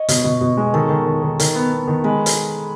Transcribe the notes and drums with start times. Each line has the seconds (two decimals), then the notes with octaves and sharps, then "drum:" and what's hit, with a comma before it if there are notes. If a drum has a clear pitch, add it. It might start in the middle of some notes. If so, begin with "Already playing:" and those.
Already playing: C#5 D#5
0.09 B2, drum: hi-hat
0.24 B2
0.41 B2
0.57 G#3
0.74 D#3 A4
0.90 D#3
1.06 D#3
1.22 D#3
1.40 D#3, drum: hi-hat
1.55 B3
1.72 B3
1.88 D#3
2.04 G#3 B4
2.26 drum: hi-hat